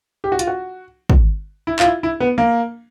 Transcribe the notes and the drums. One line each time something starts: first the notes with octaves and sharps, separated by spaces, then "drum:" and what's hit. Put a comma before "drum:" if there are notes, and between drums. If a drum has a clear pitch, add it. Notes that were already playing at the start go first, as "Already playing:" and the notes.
G4
F#4
F4, drum: hi-hat
F#4
drum: kick
E4
F4, drum: clap
E4
E4
B3
A#3